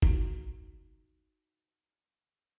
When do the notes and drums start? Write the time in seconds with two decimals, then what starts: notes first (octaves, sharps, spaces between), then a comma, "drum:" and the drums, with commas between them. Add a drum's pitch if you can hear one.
0.02 D#4 F#4, drum: kick F#1